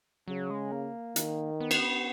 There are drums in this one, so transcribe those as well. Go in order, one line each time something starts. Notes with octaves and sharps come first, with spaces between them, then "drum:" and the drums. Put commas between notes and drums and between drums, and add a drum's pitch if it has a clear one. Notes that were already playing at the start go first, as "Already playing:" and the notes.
C#3 F#3
G#3
A#3
D#3, drum: hi-hat
B3
drum: cymbal